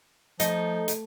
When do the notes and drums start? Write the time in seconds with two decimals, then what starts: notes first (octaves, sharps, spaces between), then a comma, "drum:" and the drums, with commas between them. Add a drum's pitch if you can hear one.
0.40 F3 A3 D#4, drum: hi-hat
0.88 drum: hi-hat